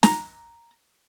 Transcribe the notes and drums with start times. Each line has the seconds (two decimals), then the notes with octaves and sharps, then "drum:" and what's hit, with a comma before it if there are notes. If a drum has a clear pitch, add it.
0.03 A#5, drum: snare